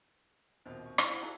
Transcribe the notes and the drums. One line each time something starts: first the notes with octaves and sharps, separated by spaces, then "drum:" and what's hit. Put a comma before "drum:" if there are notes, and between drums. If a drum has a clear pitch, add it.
A#1 D#2 B2 C4 C5
C#6
D#4 E4 F5, drum: rim click
E4 C5 F#5 G#6 A#6
D#4 F#4 A4